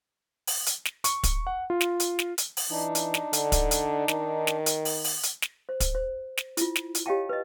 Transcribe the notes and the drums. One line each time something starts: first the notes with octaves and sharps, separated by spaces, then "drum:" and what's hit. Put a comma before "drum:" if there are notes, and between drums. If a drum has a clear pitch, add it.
drum: open hi-hat
drum: hi-hat
drum: snare
C#6, drum: hi-hat
drum: kick, hi-hat
F#5
F4
drum: snare
drum: hi-hat
drum: snare
drum: hi-hat
drum: open hi-hat
E3 D4 D#4
drum: hi-hat
drum: snare
D3, drum: hi-hat
drum: kick, hi-hat
drum: hi-hat
D#3, drum: snare
drum: snare
drum: hi-hat
drum: open hi-hat
drum: open hi-hat
drum: hi-hat
drum: snare
C5
drum: kick, hi-hat
C5
drum: snare
E4 F4, drum: hi-hat
drum: snare
drum: hi-hat
G4 C#5 D#5 F5 G5 A5
B4 D#5